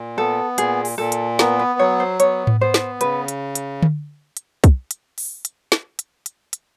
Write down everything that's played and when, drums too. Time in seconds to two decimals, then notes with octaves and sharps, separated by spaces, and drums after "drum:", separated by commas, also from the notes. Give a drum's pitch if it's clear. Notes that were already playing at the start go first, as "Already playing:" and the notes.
Already playing: A#2
0.17 B3 A4
0.58 A#2 G#4, drum: hi-hat
0.85 drum: open hi-hat
0.98 A#2 A4
1.12 drum: hi-hat
1.39 B3 A#4, drum: snare
1.59 B4
1.79 F#3 C#5
2.00 C5
2.20 B3 C#5, drum: hi-hat
2.47 drum: tom A2
2.60 B3 C5
2.74 drum: snare
3.01 C#3 B4, drum: hi-hat
3.28 drum: hi-hat
3.55 drum: hi-hat
3.82 drum: tom D3
4.37 drum: hi-hat
4.64 drum: kick, hi-hat
4.91 drum: hi-hat
5.18 drum: open hi-hat
5.45 drum: hi-hat
5.72 drum: snare
5.99 drum: hi-hat
6.26 drum: hi-hat
6.53 drum: hi-hat